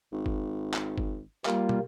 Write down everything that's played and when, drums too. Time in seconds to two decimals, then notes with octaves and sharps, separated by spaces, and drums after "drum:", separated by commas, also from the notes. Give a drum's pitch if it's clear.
0.13 G#1
0.26 drum: kick
0.74 drum: clap
0.98 drum: kick
1.45 G3 A#3 F4, drum: clap
1.69 drum: tom